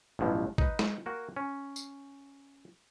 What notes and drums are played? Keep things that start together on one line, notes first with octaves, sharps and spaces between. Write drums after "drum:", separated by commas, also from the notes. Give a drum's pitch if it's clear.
A1 G2 B2 F3 F#3
D#4 B4, drum: kick A1
drum: snare
A#3 F#4 G5
C#4
drum: tambourine